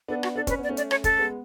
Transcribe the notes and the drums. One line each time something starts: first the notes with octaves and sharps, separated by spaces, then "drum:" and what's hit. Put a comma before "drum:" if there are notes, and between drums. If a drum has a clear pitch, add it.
B3 D4 A4
F#4, drum: rim click
D4 A4
C#4 B4, drum: kick, hi-hat
B3
D5
A3 C#4
D5, drum: hi-hat
C#5, drum: rim click
A4, drum: kick, hi-hat
G#3 B3